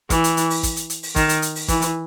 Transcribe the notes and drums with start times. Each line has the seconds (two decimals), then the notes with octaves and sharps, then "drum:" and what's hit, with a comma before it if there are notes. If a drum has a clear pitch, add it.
0.10 E3, drum: kick, hi-hat
0.24 drum: hi-hat
0.37 drum: hi-hat
0.50 drum: open hi-hat
0.63 drum: kick, hi-hat
0.76 drum: hi-hat
0.90 drum: hi-hat
1.03 drum: open hi-hat
1.16 D#3, drum: kick, hi-hat
1.29 drum: hi-hat
1.42 drum: hi-hat
1.55 drum: open hi-hat
1.68 E3, drum: kick, hi-hat
1.82 drum: hi-hat